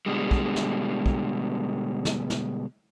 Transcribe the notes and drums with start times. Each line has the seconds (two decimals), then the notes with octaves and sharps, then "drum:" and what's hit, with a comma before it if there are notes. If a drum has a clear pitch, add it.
0.06 B2 D3 G3 G#3
0.31 drum: kick
0.56 drum: snare
1.06 drum: kick
2.05 drum: snare
2.30 drum: snare